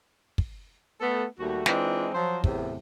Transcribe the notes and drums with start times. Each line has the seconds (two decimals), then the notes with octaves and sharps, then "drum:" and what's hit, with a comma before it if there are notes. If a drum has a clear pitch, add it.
0.38 drum: kick
1.00 A3 B3 A4
1.39 D#2 G3 A3 F#4
1.66 E3 G#3 C4 D4 D#4 F4, drum: snare
2.14 F3 F#3 C5
2.44 E2 A2 C3, drum: kick